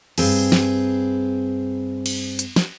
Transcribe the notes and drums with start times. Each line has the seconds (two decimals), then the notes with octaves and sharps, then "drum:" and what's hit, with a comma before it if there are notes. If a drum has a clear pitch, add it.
0.18 G2 C4 G#4, drum: cymbal
0.52 drum: snare
2.06 drum: cymbal
2.39 drum: hi-hat
2.56 drum: snare